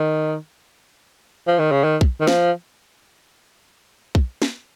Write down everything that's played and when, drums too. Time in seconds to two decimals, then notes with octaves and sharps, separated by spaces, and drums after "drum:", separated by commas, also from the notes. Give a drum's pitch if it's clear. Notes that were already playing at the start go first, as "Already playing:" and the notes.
Already playing: D#3
1.47 F3
1.59 D#3
1.72 C#3
1.84 D#3
2.01 drum: kick
2.20 D#3
2.27 F3, drum: snare
4.15 drum: kick
4.42 drum: snare